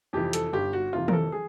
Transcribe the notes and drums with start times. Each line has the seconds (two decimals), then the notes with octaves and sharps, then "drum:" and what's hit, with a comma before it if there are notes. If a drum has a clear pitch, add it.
0.13 F2 C3 E3 G4
0.33 A4, drum: hi-hat
0.53 G1 G4
0.73 F#4
0.93 F2 C3 E3 F4
1.08 A#4, drum: tom D#3
1.13 A4
1.32 G#4